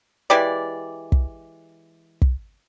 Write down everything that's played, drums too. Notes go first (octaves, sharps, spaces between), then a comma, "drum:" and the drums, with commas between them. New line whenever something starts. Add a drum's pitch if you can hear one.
E3 G#3 G4 D5
drum: kick
drum: kick